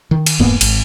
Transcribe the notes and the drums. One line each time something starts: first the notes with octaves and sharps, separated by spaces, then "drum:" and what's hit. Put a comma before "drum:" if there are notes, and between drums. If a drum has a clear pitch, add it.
D#3
drum: cymbal
E1 G#2 A#3 B3
G#1, drum: cymbal